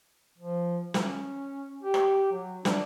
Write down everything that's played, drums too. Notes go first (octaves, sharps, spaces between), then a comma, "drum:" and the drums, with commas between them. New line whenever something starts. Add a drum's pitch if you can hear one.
F3
C#4, drum: snare
G4
drum: rim click
F#3
D4, drum: snare